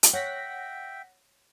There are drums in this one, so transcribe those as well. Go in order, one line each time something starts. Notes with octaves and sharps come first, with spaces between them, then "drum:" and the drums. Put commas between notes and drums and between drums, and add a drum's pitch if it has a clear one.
drum: hi-hat
C#5 E5 F#5 G5 A#6 B6